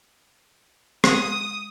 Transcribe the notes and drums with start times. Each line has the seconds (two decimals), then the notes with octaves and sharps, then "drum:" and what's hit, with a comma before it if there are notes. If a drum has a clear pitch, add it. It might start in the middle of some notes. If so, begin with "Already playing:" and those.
1.04 G#3 D#6, drum: rim click